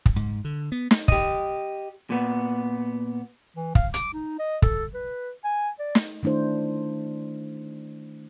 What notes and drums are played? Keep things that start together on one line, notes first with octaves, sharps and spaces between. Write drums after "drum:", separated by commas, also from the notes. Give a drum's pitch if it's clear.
drum: kick
G#2
D3
B3
drum: snare
G4 D#5, drum: kick
A#2 B3
E3
F5, drum: kick
D6, drum: hi-hat
D#4
D#5
A4, drum: kick
B4
G#5
D5
drum: snare
D#3 A3 D4 E4 C5